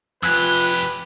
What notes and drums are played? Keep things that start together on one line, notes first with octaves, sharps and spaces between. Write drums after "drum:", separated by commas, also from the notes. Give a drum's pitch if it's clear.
F2 F4 G4 B4 G#5 E6 F#6, drum: open hi-hat
drum: hi-hat